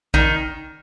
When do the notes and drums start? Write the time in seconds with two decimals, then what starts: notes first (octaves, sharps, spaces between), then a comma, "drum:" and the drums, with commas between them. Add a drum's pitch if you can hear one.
0.14 D#3, drum: kick